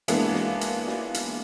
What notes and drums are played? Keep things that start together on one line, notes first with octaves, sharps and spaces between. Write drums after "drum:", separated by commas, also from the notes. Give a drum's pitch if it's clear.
E3 G#3 A#3 B3 D4, drum: hi-hat
drum: snare
drum: hi-hat
drum: snare
drum: hi-hat